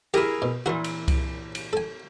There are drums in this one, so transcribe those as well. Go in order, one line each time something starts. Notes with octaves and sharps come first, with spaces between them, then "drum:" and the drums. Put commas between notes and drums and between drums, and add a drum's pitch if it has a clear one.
E4 G4 G#4 A#4 B5, drum: cymbal
B2
A#2 E3 F#4 A#4
drum: cymbal
drum: kick C2, cymbal
drum: cymbal
A4 G#5